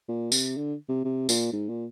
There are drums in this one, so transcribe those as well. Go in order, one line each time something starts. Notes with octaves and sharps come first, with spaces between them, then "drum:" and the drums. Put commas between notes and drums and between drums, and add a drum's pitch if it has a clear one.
A#2
C3, drum: tambourine
D3
C3
C3
A#2, drum: tambourine
G#2
A#2